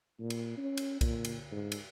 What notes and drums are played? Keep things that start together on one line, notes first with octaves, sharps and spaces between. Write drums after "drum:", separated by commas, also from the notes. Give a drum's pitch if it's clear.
A#2
drum: cymbal
C#4
drum: cymbal
A#2, drum: kick B1, cymbal
drum: cymbal
G#2
drum: cymbal